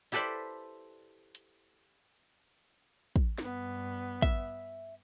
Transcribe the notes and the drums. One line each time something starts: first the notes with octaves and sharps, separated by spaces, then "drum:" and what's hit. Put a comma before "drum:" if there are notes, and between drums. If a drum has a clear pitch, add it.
E4 G4 A4 B4 C5 D5, drum: hi-hat
drum: hi-hat
drum: kick
G2 B3, drum: snare
E5, drum: kick